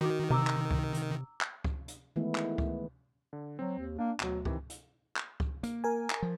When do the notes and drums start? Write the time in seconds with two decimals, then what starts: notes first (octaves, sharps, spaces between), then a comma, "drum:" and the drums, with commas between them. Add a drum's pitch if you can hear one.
0.01 D#3 F#4 D6
0.30 C3 A#5 D6 E6
0.47 drum: clap
0.71 drum: kick C#2
0.94 drum: hi-hat
1.41 drum: clap
1.64 drum: kick C#2
1.88 drum: hi-hat
2.16 D#3 E3 G#3 A3 B3 E4
2.35 drum: clap
2.58 drum: kick C#2
3.33 D3
3.59 F#3 C4
3.79 D#2
3.98 A#3 D4
4.20 D2 B2 F#3, drum: clap
4.45 C3 D#3 E3, drum: kick C#2
4.70 drum: hi-hat
5.16 drum: clap
5.40 drum: kick C#2
5.63 A#3, drum: hi-hat
5.84 A#4 G#5
6.10 drum: clap
6.22 F3